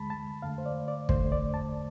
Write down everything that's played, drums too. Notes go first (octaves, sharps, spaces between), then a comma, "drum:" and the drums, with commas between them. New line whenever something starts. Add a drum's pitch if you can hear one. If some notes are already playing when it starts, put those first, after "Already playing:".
Already playing: D2 D3 G#3 A5 B5
A5
F2 D3 A3 F5
C5
D5
D5
E2 D3 A3 C5, drum: kick
D5
A5